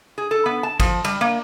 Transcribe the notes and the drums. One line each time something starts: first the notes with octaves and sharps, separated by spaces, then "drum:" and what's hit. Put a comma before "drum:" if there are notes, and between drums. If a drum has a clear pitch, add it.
G#4
A4
B3
A5
F3, drum: kick, cymbal
G3, drum: cymbal
A#3